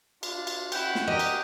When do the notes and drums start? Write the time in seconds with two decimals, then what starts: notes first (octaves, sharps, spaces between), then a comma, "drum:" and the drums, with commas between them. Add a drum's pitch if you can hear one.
0.23 D4 F4, drum: cymbal
0.47 drum: cymbal
0.72 C#4 E4 F#5 G5, drum: cymbal
0.95 drum: snare
1.08 G4 A#4 D#5
1.19 drum: cymbal